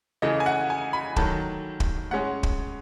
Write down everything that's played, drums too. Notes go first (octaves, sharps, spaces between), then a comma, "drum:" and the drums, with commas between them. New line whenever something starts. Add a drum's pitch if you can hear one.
C#3 E3 A3 C#4 D#5
G#5
F#5
G#5
B5
D#3 F#3 A3 A5, drum: kick
drum: kick
A2 G#3 C#4 F#5
drum: kick